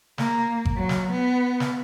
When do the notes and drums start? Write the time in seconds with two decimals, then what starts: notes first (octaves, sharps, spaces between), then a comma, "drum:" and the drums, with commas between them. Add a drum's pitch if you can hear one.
0.18 A#3, drum: snare
0.65 drum: kick G#1
0.76 F#3
0.89 drum: snare
1.12 B3
1.60 drum: snare